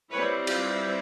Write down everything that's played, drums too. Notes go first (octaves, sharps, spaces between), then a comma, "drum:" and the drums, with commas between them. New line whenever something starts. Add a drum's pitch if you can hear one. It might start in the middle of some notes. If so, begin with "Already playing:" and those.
G3 C4 E4 B4 C#5
F4 G4, drum: cymbal